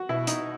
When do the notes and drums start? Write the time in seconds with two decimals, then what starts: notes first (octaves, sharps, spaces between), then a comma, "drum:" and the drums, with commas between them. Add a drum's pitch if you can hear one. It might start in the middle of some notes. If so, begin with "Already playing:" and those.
Already playing: F#4
0.09 B2 E4
0.27 D#4, drum: hi-hat